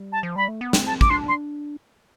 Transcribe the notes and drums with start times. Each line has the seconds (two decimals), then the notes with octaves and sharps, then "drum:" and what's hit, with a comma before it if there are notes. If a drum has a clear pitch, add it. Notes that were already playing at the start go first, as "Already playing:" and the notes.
Already playing: G3
0.12 A5
0.23 F3
0.36 G3 B5
0.48 A3
0.61 B3
0.73 C4, drum: snare
0.87 A5
1.01 D6, drum: kick
1.10 D4 C6
1.28 C6